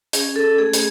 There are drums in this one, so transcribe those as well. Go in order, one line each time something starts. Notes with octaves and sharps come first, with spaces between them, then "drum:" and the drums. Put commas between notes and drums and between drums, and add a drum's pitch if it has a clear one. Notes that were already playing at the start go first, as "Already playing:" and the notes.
C#4 G#4, drum: hi-hat
A4
A3 G#4
G#4, drum: hi-hat